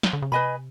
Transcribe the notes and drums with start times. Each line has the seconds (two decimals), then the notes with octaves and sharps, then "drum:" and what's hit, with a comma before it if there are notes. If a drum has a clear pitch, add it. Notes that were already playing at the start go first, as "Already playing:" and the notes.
0.03 drum: snare
0.13 D3
0.22 C#3
0.32 C3 B4 D#5 G#5 B5